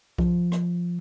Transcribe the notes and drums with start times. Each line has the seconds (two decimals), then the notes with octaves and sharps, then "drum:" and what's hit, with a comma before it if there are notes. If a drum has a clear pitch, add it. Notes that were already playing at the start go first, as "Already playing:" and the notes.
0.18 F3, drum: kick B1
0.52 drum: rim click